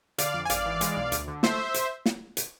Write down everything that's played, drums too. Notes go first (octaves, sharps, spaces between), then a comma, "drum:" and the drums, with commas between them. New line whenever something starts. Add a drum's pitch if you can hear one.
D3 D5 F5, drum: hi-hat
F2
G#5
G#1 D5 F5, drum: hi-hat
E3
G#3, drum: hi-hat
B1
D2, drum: hi-hat
D3
A3 C5 E5, drum: snare
drum: hi-hat
drum: snare
drum: hi-hat